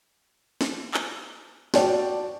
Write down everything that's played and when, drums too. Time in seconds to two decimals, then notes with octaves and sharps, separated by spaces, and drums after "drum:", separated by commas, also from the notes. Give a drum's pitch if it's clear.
0.61 drum: snare
0.94 drum: clap
1.74 F#4 D5 G5 A5, drum: snare